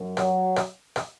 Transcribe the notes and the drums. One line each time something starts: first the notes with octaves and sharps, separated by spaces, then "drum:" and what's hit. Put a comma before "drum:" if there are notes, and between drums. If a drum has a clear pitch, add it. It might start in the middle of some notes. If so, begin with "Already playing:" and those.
Already playing: F#2
F#3, drum: rim click
drum: rim click
drum: rim click